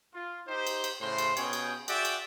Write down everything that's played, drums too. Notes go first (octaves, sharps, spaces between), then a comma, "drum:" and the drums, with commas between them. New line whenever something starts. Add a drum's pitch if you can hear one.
F4
D#4 G4 C5
drum: cymbal
drum: cymbal
A2 C#3 C5 C6
drum: cymbal
B2 C#4 G#4 C#5 G5, drum: cymbal
drum: cymbal
F#4 G#4 D5 E5 F#5 G5, drum: cymbal
drum: cymbal